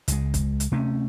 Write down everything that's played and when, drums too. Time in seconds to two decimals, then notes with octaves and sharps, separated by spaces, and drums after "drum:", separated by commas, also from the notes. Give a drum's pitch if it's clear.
0.08 C#2 G#3, drum: hi-hat
0.34 drum: kick, hi-hat
0.60 drum: hi-hat
0.72 C3 A3 C4 C#4